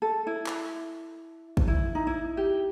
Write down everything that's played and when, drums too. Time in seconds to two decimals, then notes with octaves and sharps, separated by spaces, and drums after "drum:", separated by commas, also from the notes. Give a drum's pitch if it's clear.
0.02 A4
0.27 E4
0.46 drum: clap
1.57 drum: kick
1.68 E4
1.95 D#4
2.07 E4
2.37 G4